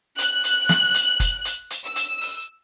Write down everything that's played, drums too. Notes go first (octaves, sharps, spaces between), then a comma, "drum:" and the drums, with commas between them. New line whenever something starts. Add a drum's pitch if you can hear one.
F#6, drum: hi-hat
drum: hi-hat
drum: snare
drum: hi-hat
drum: kick, hi-hat
drum: hi-hat
drum: hi-hat
E6
drum: hi-hat
drum: open hi-hat